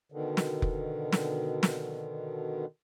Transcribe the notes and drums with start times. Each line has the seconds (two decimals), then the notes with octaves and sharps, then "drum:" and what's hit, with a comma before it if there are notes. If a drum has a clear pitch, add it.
0.12 B2 D3 D#3
0.37 drum: snare
0.62 drum: kick F1
1.12 drum: snare
1.63 drum: snare